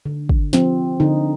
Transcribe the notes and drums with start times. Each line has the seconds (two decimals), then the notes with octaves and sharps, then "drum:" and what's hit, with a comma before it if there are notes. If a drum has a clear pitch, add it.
0.06 D3
0.29 drum: kick
0.53 F3 C4, drum: snare
1.00 D3 D#4